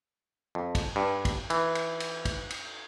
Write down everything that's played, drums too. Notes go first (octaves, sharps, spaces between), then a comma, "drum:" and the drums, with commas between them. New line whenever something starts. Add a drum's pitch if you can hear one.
F2
drum: kick, cymbal
G2
drum: kick, cymbal
E3, drum: cymbal
drum: cymbal
drum: cymbal
drum: kick, cymbal
drum: cymbal